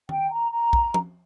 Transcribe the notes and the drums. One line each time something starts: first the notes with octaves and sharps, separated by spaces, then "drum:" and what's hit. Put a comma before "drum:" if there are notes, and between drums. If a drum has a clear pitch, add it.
G5, drum: tom
A#5
A#5
drum: kick
drum: tom